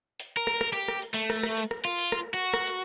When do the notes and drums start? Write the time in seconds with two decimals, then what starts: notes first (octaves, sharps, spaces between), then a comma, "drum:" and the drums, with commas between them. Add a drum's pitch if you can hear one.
0.20 drum: hi-hat
0.37 A#4
0.47 drum: rim click
0.61 drum: rim click
0.73 G4, drum: hi-hat
0.88 drum: rim click
1.02 drum: hi-hat
1.14 A3, drum: hi-hat
1.30 drum: rim click
1.43 drum: rim click
1.57 drum: hi-hat
1.71 drum: rim click
1.85 F4
1.99 drum: hi-hat
2.12 drum: rim click
2.34 F#4
2.54 drum: rim click
2.67 drum: hi-hat